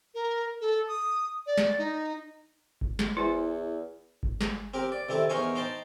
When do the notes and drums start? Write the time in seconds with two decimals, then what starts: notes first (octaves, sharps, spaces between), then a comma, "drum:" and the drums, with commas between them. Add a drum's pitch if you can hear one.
0.15 A#4
0.61 A4
0.89 D#6
1.47 D5
1.58 drum: snare
1.78 D#4
2.81 drum: kick G1
2.99 drum: snare
3.17 E2 E4 C5 G#5
4.23 drum: kick G1
4.41 drum: snare
4.74 C4 G4 A#4
4.92 D5
5.09 C3 D#3 C4 E4 A4
5.30 E2 D#4 A#4 C5 G#5 C#6
5.55 D#4 C5 G5 A5